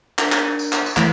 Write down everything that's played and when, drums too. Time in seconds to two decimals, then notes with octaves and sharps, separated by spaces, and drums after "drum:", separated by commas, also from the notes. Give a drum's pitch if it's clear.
0.19 D4 A#4, drum: clap
0.32 drum: clap
0.59 drum: tambourine
0.73 drum: clap
0.86 drum: tambourine
0.97 E3 A3, drum: clap